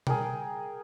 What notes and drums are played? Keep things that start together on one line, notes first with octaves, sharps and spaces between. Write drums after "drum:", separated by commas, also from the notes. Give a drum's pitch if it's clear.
G#4 A#4 G5, drum: tom B2